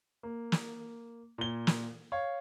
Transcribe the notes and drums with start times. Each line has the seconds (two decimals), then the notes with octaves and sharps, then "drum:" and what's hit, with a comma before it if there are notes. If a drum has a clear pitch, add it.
0.23 A#3
0.52 drum: snare
1.38 A#2 G7
1.67 drum: snare
2.12 C#5 F5